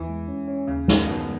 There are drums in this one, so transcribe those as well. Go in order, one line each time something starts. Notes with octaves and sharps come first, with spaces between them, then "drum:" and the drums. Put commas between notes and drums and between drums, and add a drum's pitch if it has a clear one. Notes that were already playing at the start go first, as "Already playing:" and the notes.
Already playing: E2 E3
G#3
C#4
C#4
D#2 C#3
D#3, drum: snare
B2 B3